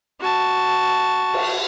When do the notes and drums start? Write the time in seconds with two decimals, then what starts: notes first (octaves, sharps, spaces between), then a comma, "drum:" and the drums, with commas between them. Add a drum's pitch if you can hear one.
0.20 F#4 A5
1.34 drum: cymbal